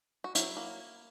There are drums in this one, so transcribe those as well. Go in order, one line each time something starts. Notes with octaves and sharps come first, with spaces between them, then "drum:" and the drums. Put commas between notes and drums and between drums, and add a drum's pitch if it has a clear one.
F#4
F#3 E4, drum: hi-hat
A#3